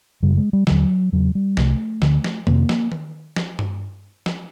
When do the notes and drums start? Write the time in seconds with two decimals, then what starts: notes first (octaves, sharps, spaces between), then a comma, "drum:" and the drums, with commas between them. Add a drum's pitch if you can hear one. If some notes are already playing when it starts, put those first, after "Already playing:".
0.22 F#2 C#3 G3
0.37 G#3
0.53 G3
0.67 D#2 D3 F#3, drum: snare
1.12 E2 C#3 F#3
1.35 G3
1.57 C2 C3 A3, drum: snare
2.02 D2 D3, drum: snare
2.24 drum: snare
2.47 F2 C3 A#3, drum: tom D#3
2.69 drum: snare
2.92 drum: tom D#3
3.36 drum: snare
3.59 drum: tom G2
4.26 drum: snare